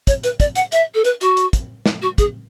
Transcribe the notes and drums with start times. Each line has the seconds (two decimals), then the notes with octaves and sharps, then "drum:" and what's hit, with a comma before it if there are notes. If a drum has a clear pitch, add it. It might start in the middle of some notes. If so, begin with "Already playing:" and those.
0.07 C#5, drum: kick, hi-hat
0.24 B4, drum: hi-hat
0.40 D5, drum: kick, hi-hat
0.55 F#5, drum: hi-hat
0.72 E5, drum: hi-hat
0.94 A4
1.04 B4, drum: hi-hat
1.21 F#4, drum: hi-hat
1.37 drum: hi-hat
1.53 drum: kick, hi-hat
1.86 drum: snare
2.02 F#4
2.18 G#4, drum: kick, hi-hat